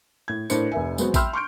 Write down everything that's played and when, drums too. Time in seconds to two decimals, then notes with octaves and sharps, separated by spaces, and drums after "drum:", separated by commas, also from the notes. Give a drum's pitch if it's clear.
0.28 A2 G#6
0.50 A2 D4 A#4 C5 C#7, drum: tambourine
0.72 F1 B4 E5 G#5
0.98 F#3 G#3 B3 C4 F#4, drum: tambourine
1.14 E5 G5 B5 C6 E6 F6, drum: kick A1, tambourine
1.33 C6 C#6 F6 G6 D7